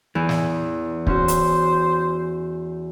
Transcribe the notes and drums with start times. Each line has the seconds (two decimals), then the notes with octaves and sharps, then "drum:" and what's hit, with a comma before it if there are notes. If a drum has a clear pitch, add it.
0.15 E2 E3
0.29 drum: snare
1.07 C#4 F#4 C5, drum: kick C#1
1.28 drum: hi-hat